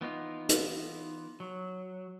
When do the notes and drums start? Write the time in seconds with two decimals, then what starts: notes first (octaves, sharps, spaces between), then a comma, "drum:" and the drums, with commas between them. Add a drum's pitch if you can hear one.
0.01 E3 B3 D#4 F4
0.49 drum: hi-hat
1.40 F#3